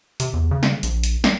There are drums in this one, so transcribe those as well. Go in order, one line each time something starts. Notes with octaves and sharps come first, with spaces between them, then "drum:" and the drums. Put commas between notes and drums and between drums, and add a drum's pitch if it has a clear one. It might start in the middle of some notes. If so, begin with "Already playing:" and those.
C3, drum: hi-hat
E2
C#3
drum: snare
A#1, drum: hi-hat
drum: hi-hat
drum: snare